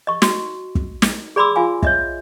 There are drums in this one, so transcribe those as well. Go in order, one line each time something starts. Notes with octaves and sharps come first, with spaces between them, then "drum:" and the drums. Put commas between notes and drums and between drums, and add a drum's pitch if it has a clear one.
D#5 C#6
F#4, drum: snare
drum: kick
drum: snare
G#4 D5 B5 C6 D6 E6
F4 F5 G#5
C#5 D#5 E5, drum: kick